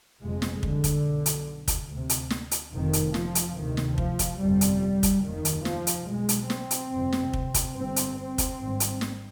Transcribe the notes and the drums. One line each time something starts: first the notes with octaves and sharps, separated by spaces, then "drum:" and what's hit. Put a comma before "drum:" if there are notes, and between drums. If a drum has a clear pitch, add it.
G1 F2 C3 G#3
drum: snare
D3, drum: kick
drum: kick, hi-hat
B1 B2
drum: hi-hat
drum: kick, hi-hat
D2 C3
drum: hi-hat
drum: snare
drum: hi-hat
F1 F2 C3 D#3
drum: hi-hat
F3, drum: snare
drum: hi-hat
D2 C3 D#3
drum: snare
F3, drum: kick
drum: kick, hi-hat
G1 F2 C3 G3
drum: hi-hat
drum: kick, hi-hat
F1 D#2 D#3
drum: hi-hat
F3, drum: snare
drum: hi-hat
B1 B2 G#3
drum: hi-hat
C4, drum: snare
drum: hi-hat
G1 F2 C3
drum: snare
drum: kick
drum: kick, hi-hat
G1 G2 C4
drum: hi-hat
C4
drum: kick, hi-hat
G#1 G2
drum: hi-hat
drum: snare